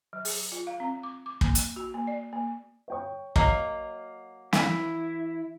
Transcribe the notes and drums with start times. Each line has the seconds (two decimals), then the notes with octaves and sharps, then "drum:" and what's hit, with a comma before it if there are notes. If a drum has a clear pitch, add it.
0.13 F#3
0.25 G#4, drum: open hi-hat
0.52 F4
0.67 F5
0.80 C4
1.03 D6
1.26 D6
1.41 A#3, drum: kick
1.55 drum: hi-hat
1.76 F#4
1.94 A#3
2.07 D5
2.33 A#3
2.88 C#5 G5 C#6
3.36 F#3 A#3 D#5 C7, drum: kick
4.53 E3 E4, drum: snare